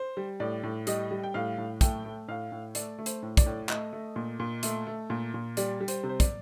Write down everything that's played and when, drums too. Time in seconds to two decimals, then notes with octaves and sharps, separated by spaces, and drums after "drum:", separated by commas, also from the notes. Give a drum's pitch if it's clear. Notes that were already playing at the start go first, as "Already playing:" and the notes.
Already playing: C5
0.17 G3
0.40 A2 D5
0.63 A2
0.87 G3 D#5, drum: hi-hat
1.11 G3
1.24 G5
1.34 A2 F5
1.58 A2
1.81 A3 G5, drum: kick, hi-hat
2.05 A3
2.28 A2 F5
2.52 A2
2.75 A3 D5, drum: hi-hat
2.99 A3
3.06 C5, drum: hi-hat
3.22 A2
3.37 D5, drum: kick, hi-hat
3.46 A2
3.69 A3 D#5, drum: clap
3.93 A3
4.16 A#2
4.40 A#2
4.63 A3, drum: hi-hat
4.87 A3
5.10 A#2
5.34 A#2
5.57 G3 D5, drum: hi-hat
5.81 G3
5.88 C5, drum: hi-hat
6.03 C3
6.09 C5
6.20 D5, drum: kick, hi-hat